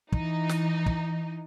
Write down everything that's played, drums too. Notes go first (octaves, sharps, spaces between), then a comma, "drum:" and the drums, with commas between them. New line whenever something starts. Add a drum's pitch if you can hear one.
E3 D#4, drum: kick
drum: snare
drum: kick